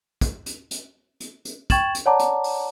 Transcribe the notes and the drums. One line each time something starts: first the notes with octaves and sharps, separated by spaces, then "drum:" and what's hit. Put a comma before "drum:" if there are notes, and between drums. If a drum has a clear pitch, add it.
drum: kick, hi-hat
drum: hi-hat
drum: hi-hat
drum: hi-hat
drum: hi-hat
G5 C#6 G#6 A6 E7 F#7, drum: kick, hi-hat
drum: hi-hat
C#5 D5 F#5 A5 A#5 D6
drum: hi-hat
drum: open hi-hat